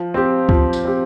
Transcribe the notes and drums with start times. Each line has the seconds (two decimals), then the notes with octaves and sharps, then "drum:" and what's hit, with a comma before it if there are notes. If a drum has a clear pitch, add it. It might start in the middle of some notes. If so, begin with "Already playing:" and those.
Already playing: F3
0.14 C4 G4
0.49 F3, drum: kick C#2
0.73 drum: tambourine
0.85 C4 G4